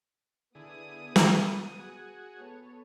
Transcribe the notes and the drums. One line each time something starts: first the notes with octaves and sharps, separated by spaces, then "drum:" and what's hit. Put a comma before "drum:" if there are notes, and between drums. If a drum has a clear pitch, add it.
D3 B3 E4 G#4 D#6
drum: snare
F#4 G#4
B3 A4 C#5